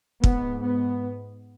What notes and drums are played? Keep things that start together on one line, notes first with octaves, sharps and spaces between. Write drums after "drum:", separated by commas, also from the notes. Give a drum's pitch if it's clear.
G#2 B3, drum: kick
B3